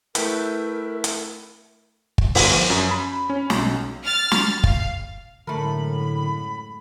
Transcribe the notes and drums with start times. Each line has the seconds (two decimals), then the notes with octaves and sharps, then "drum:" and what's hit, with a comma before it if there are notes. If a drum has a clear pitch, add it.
0.15 A3 E4 A#4 B4 E5 G5, drum: hi-hat
1.04 drum: hi-hat
2.18 drum: kick
2.35 G1, drum: open hi-hat
2.52 F3
2.70 F#2
2.91 B5
3.30 C#4
3.50 B1, drum: snare
4.03 F6 A6
4.31 drum: snare
4.64 F5, drum: kick
5.47 F#2 A2 D3 G#3 A3 A#4 B5